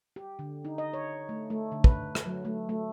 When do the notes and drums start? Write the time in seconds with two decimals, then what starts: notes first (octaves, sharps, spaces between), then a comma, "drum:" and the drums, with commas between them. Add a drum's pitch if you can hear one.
0.16 G4
0.39 D3
0.65 D#4
0.78 D#5
0.93 C#5
1.29 A3
1.50 A3
1.72 D3
1.84 B4, drum: kick
2.15 drum: rim click
2.26 F#3
2.45 A3
2.69 A3